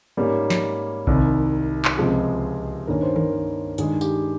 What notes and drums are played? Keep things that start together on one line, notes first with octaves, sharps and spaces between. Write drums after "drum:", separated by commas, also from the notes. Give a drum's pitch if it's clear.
G#2 G3 A#3 C#4 A#4
drum: snare
C2 C3 D#3, drum: kick A1
drum: clap
C#2 C3 F3 G#3 G#4
G2 D#3 A#3 C#4 A#4
C5
A#4, drum: tom D#3
G2 D#3 G#3 G#4, drum: hi-hat
G4, drum: tambourine